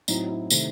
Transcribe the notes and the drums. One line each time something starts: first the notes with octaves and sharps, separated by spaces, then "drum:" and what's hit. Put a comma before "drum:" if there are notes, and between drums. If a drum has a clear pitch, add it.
A2 F#3 C4 D#4, drum: tambourine
E4
C3 D#3 A3 C4, drum: tambourine